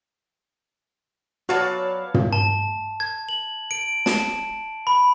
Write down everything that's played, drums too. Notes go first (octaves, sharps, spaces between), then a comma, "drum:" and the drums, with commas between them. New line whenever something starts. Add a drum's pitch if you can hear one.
F#3 F#4 B4 C#5 D5 F5 A5
drum: tom
A5
G#6
F#7
D7
A5, drum: snare
B5